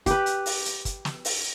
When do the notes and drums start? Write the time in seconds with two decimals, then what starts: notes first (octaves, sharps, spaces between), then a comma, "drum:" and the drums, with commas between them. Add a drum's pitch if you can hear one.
0.06 G4 B4, drum: kick, hi-hat
0.26 drum: hi-hat
0.46 drum: open hi-hat
0.65 drum: hi-hat
0.85 drum: kick, hi-hat
1.05 drum: snare
1.25 drum: open hi-hat